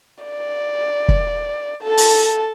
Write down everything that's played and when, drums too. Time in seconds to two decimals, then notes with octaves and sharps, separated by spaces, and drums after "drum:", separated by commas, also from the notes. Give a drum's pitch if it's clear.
0.24 D5
1.08 drum: kick
1.83 A4 A5
1.97 drum: open hi-hat